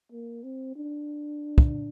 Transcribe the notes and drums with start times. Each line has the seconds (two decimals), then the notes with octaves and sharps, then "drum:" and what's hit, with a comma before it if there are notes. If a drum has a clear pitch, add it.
0.12 A#3
0.43 C4
0.76 D4
1.58 drum: kick